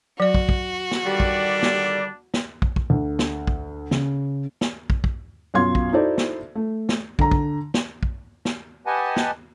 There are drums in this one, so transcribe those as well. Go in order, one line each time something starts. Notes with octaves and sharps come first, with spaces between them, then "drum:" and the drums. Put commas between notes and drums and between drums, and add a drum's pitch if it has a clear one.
F#3 F#4 D5
drum: kick
drum: kick
drum: snare
D3 D#3 G3 D4
drum: kick
drum: snare
drum: snare
drum: kick
drum: kick
D2
drum: snare
drum: kick
C#3, drum: snare
drum: snare
drum: kick
drum: kick
F#2 B2 F4 F5 C6 G#6
drum: kick
D#4 E4 F#4 A4 C5 D5
drum: snare
A3
drum: snare
D3 A#5, drum: kick
drum: kick
drum: snare
drum: kick
drum: snare
G4 B4 D#5 F#5 G#5 A5
drum: snare